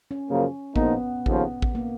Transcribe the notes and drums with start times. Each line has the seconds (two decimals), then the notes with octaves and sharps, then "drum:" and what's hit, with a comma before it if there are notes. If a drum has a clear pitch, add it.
0.11 C#4
0.27 F#2 C#3 F3 A#3
0.76 A#1 A#2 F3 A#3 B3 D#4, drum: kick A1
1.26 D#2 C#3 F3, drum: kick A1
1.62 drum: kick A1
1.75 A#3